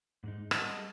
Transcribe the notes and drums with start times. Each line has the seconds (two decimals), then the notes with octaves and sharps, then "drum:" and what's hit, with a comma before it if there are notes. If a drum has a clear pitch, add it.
0.24 G#2 G#3 D#4
0.51 G3 G#4 D#5 F#5 A5, drum: rim click